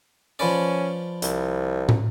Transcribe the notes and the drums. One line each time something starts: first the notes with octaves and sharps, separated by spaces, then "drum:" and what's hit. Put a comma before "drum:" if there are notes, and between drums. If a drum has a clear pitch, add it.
F3 C#4 B4 D5
C2, drum: hi-hat
drum: tom